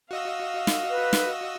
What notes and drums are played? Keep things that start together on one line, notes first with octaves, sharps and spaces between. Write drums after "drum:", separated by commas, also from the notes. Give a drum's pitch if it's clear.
F#4 D#5 F5 E6
drum: snare
B4
drum: snare